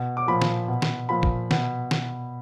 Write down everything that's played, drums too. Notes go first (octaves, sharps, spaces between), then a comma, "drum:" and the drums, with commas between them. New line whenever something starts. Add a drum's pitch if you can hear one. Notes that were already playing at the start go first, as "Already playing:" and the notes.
Already playing: B2
D6
A#2 F3 B5
drum: snare
B2
drum: snare
A#2 F3 B5
drum: kick
B2, drum: snare
B2, drum: snare